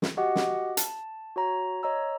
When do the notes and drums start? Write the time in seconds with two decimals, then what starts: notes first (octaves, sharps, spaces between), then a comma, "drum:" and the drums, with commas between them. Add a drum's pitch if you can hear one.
0.02 drum: snare
0.17 F#4 G4 D#5 F#5
0.36 drum: snare
0.77 A5, drum: hi-hat
1.36 F#4 C#5 A#5
1.83 C#5 D#5 A#5 E6